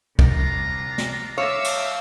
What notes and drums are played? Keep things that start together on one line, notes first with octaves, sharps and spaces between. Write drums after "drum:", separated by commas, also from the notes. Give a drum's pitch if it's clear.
C2 D4 F4 A#5, drum: kick
drum: snare
C#5 E5 F5 D6 E6
drum: cymbal